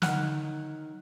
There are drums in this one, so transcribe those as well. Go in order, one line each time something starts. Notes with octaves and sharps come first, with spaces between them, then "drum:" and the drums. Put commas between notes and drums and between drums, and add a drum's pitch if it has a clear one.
D3 D#3 F#3 F#5 F6 F#6, drum: snare